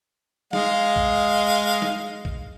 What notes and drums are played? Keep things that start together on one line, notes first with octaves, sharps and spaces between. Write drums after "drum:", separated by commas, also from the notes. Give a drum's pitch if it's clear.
G#3 D#5 F5, drum: snare
drum: kick
drum: snare
drum: kick